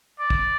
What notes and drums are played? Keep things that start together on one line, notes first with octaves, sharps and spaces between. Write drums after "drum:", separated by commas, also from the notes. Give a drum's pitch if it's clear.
D5
drum: kick